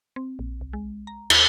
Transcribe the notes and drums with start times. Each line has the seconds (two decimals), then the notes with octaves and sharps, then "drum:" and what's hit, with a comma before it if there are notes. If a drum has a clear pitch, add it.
0.16 C4
0.39 A#1
0.61 C2
0.73 G#3
1.07 A#5
1.30 D#2, drum: cymbal